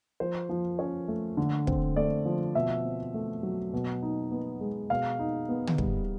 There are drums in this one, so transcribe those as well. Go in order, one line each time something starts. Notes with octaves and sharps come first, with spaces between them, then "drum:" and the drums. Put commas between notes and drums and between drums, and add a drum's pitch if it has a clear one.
F3 C5
F3
C#4 C#5
A3
D3
C4, drum: kick
A3 D5
F3
B2 E5
C4
A3
F#3
B2
D#4
B3
G#3
B2 F5
D#4
B3
drum: tom
G3, drum: kick